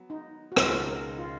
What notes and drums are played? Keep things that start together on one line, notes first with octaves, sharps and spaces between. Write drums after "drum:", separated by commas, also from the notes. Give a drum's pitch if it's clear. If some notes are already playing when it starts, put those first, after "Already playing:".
Already playing: F#3 B3
D#4
F#4
C#2 B2 G#3 D#4 F4, drum: rim click
A#4
F4